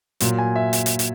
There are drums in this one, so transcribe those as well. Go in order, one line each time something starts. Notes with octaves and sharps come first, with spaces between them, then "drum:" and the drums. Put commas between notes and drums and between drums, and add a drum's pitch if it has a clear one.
A#2 F#3, drum: hi-hat
G#5
E5
drum: hi-hat
drum: hi-hat
drum: hi-hat